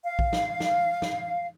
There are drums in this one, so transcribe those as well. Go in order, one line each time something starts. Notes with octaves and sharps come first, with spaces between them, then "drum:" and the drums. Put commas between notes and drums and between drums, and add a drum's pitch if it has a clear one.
F5
drum: kick A#1
drum: snare
drum: snare
drum: snare